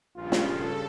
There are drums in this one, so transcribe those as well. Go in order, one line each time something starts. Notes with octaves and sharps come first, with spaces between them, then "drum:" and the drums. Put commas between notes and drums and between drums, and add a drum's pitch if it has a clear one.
A#1 G2 C#3 F4
drum: snare
A4